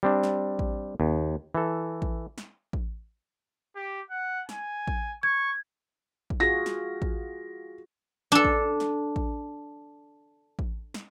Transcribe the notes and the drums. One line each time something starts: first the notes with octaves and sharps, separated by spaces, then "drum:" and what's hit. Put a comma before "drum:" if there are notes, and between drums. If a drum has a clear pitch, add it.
G3 C4 D4
drum: snare
drum: kick A1
D#2
E3 A4
drum: kick A1
drum: snare
drum: kick A1
G4
F#5
G#5, drum: snare
drum: kick A1
C#6 G#6
drum: kick A1
F4 F#4 G#4 A#6
drum: snare
drum: kick A1
D4 A4
drum: kick A1
drum: snare
drum: kick A1
drum: kick A1
drum: snare